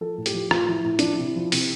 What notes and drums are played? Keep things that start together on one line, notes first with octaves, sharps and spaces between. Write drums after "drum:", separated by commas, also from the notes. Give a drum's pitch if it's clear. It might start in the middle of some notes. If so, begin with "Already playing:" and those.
F3 A4
A2
G4, drum: hi-hat
F3
A2 F4, drum: rim click
F3 E4
A2 E4
F3 D4, drum: hi-hat
E4
C3
F3
C3, drum: open hi-hat